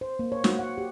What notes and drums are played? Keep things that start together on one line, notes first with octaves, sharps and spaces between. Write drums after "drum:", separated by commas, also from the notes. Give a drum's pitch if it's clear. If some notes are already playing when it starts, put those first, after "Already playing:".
C5
A#3
C#5
F#4, drum: snare
F#5
G4